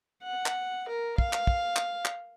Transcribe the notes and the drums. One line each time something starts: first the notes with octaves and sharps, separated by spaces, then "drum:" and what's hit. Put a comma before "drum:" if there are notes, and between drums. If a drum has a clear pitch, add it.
F#5
drum: clap
A#4
F5, drum: kick
drum: clap
drum: kick
drum: clap
drum: clap